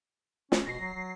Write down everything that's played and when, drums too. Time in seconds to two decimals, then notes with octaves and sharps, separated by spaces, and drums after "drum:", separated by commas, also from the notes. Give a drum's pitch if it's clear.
0.52 C#4, drum: snare
0.67 B2 A#6 C7
0.80 F#3
0.94 F#3